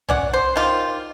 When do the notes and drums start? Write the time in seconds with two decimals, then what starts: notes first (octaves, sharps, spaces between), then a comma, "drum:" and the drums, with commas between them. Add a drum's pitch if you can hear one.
0.09 C#4 D5 F#5, drum: tom B1
0.33 C5
0.56 D#3 F4 G4